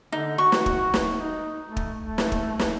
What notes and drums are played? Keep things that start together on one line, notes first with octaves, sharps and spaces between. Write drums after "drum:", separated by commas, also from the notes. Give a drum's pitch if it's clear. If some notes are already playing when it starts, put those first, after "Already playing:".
D3 D#4
F#4 C#6
drum: snare
drum: kick
drum: snare
D#4
A3
drum: kick
A3
drum: snare
drum: kick
drum: snare